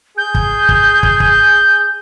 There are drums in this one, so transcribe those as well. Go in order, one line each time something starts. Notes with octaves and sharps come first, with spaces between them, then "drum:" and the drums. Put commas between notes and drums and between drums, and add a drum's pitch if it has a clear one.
G#4 G6
drum: kick
drum: kick
drum: kick
drum: kick